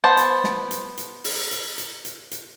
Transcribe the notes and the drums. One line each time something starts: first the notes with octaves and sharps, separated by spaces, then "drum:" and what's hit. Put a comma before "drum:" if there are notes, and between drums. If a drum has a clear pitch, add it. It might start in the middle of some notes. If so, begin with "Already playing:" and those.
B3 C5 A5
drum: hi-hat
drum: snare
drum: hi-hat
drum: hi-hat
drum: open hi-hat
drum: hi-hat
drum: hi-hat
drum: hi-hat
drum: hi-hat